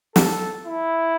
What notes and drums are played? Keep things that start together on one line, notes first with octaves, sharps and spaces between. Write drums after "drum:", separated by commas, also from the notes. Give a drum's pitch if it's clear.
A4, drum: snare
E4